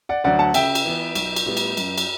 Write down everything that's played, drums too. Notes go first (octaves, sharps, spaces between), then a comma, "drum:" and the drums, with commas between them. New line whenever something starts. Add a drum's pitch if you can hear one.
D5 F#5
D2 D3 F#3 D5 F#5
F#5 A5
C#3 E5 G5, drum: cymbal
drum: cymbal
E3 B3
B1, drum: cymbal
drum: cymbal
A2 G3 B3
drum: cymbal
F#2, drum: cymbal
drum: cymbal